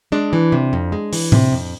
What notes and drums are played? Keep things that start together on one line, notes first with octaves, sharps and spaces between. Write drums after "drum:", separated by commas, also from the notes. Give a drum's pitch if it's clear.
G#3 D4
E3
C3
F2
G#3
E3, drum: open hi-hat
C3, drum: tom A2
F2